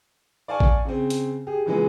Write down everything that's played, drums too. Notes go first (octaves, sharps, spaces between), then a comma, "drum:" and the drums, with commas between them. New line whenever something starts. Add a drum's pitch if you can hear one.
D5 F5 G#5 A5 C#6
drum: kick A1
C#3 C4
drum: hi-hat
G4 G#4
A#2 C#3 E3 F#3 G#3 B3